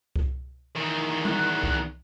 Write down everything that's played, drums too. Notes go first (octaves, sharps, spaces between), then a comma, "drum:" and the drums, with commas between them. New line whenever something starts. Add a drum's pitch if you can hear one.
drum: kick C2
E2 D#3
F#6, drum: tom G3
drum: kick C2